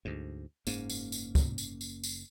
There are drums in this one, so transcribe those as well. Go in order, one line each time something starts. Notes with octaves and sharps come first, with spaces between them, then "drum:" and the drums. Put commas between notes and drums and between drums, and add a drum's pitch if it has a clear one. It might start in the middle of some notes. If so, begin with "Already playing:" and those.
D2 G#2
F#1 G#2 A#3 C#4, drum: tambourine
drum: tambourine
drum: tambourine
drum: kick, tambourine
drum: tambourine
drum: tambourine
drum: tambourine